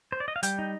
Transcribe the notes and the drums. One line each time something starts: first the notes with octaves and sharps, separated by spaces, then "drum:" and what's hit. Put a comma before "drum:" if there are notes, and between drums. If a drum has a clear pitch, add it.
C5
D5
D#5
F5
G3 G5, drum: hi-hat
D#4